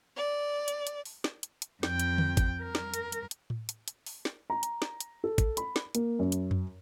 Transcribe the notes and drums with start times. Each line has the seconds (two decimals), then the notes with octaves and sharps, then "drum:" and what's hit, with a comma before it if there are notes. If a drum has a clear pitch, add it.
0.16 D5
0.68 drum: hi-hat
0.87 drum: hi-hat
1.05 drum: open hi-hat
1.24 drum: snare
1.43 drum: hi-hat
1.62 drum: hi-hat
1.83 F2 G5, drum: snare
2.00 drum: hi-hat
2.18 drum: tom D3
2.37 drum: kick, hi-hat
2.62 A#4
2.75 drum: snare
2.94 drum: hi-hat
3.12 drum: hi-hat
3.31 drum: hi-hat
3.50 drum: tom A2
3.69 drum: hi-hat
3.88 drum: hi-hat
4.06 drum: open hi-hat
4.25 drum: snare
4.50 A#5
4.63 drum: hi-hat
4.82 drum: snare
5.01 drum: hi-hat
5.24 A4
5.38 drum: kick, hi-hat
5.57 B5, drum: hi-hat
5.76 drum: snare
5.95 A#3, drum: hi-hat
6.19 F#2
6.32 drum: hi-hat
6.51 drum: tom F2